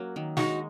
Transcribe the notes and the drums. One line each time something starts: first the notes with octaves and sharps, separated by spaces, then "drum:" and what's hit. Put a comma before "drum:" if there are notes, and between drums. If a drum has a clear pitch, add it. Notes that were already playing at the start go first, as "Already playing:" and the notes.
Already playing: F#3 A#3 C#4
D#3
G#3 D#4 F#4, drum: snare